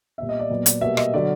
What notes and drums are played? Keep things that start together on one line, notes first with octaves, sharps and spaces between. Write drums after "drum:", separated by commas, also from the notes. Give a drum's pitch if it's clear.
A#2 G3 B3 E5
D#5
D5
A#2 F#3 B3
drum: hi-hat
B2 G3 A#3 E5
D#5, drum: rim click
D3 F#3 D5